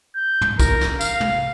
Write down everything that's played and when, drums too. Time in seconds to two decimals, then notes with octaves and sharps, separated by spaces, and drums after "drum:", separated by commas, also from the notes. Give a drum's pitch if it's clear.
0.16 G6
0.41 drum: tom
0.59 A#4, drum: kick, tambourine
0.81 drum: snare
1.01 F5, drum: tambourine
1.20 drum: tom